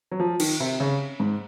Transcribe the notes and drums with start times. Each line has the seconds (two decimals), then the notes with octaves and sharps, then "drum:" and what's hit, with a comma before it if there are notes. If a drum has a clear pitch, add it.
0.11 F#3
0.20 F3
0.40 D#3, drum: cymbal
0.60 C3
0.80 C#3
1.20 G#2